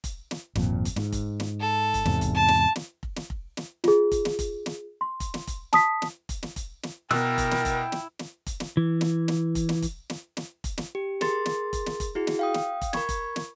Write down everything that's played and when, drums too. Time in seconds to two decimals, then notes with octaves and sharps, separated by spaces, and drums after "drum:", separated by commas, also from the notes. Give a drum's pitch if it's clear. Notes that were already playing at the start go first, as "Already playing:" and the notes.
0.04 drum: kick F1, hi-hat
0.31 drum: snare
0.55 G#1 F2 A#2, drum: snare
0.85 drum: kick F1, hi-hat
0.96 G#2, drum: snare
1.12 drum: kick F1, hi-hat
1.40 drum: snare
1.60 A4
1.94 drum: kick F1, hi-hat
2.05 E2 G#2 C3, drum: snare
2.21 drum: kick F1, hi-hat
2.35 A5
2.48 drum: snare
2.76 drum: snare
3.03 drum: kick F1
3.16 drum: snare
3.30 drum: kick F1
3.57 drum: snare
3.84 F4 G#4, drum: snare
4.12 drum: kick F1, hi-hat
4.25 drum: snare
4.39 drum: kick F1, hi-hat
4.66 drum: snare
5.01 C6
5.20 drum: kick F1, hi-hat
5.34 drum: snare
5.47 drum: kick F1, hi-hat
5.73 A5 D#6 B6, drum: snare
6.02 drum: snare
6.29 drum: kick F1, hi-hat
6.43 drum: snare
6.56 drum: kick F1, hi-hat
6.83 drum: snare
7.11 B2 E4 A#4 G5 E6 F#6, drum: snare
7.38 drum: kick F1, hi-hat
7.51 drum: snare
7.65 drum: kick F1, hi-hat
7.92 drum: snare
8.19 drum: snare
8.46 drum: kick F1, hi-hat
8.60 drum: snare
8.77 E3
9.01 drum: snare
9.28 drum: snare
9.55 drum: kick F1, hi-hat
9.69 drum: snare
9.82 drum: kick F1, hi-hat
10.10 drum: snare
10.37 drum: snare
10.64 drum: kick F1, hi-hat
10.78 drum: snare
10.95 G4
11.21 G#4 A#4 C6 A6, drum: snare
11.46 drum: snare
11.73 drum: kick F1, hi-hat
11.86 drum: snare
12.00 drum: kick F1, hi-hat
12.15 E4 F#4 G#4
12.27 drum: snare
12.39 F5 G5 D#6
12.54 drum: snare
12.81 drum: kick F1, hi-hat
12.93 A#4 B5 C#6 G#6, drum: snare
13.09 drum: kick F1, hi-hat
13.36 drum: snare